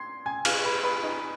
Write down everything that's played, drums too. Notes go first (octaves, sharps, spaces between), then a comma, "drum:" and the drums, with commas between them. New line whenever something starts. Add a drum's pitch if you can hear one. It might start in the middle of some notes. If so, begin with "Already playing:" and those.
Already playing: C6 G#6 C7
G#5 G#6
F5 F6, drum: cymbal
B4 B5
B4 B5
D#4 D#5